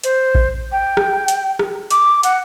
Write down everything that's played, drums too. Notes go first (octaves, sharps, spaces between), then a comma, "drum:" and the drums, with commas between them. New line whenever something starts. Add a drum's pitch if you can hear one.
C5, drum: hi-hat
drum: kick A#1
G5
drum: rim click
drum: hi-hat
drum: rim click
D6, drum: hi-hat
F#5, drum: hi-hat